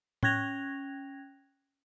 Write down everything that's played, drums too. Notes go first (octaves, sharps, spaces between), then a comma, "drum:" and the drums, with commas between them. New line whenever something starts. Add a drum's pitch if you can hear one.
C#4 G5 F#6 G#6 A#6 F7, drum: tom A2